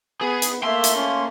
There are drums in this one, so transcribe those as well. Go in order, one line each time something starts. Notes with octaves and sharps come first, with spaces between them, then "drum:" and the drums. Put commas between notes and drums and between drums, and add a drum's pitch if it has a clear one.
B3 G#4
drum: hi-hat
A3 A#3 E5 C6
drum: hi-hat
C#4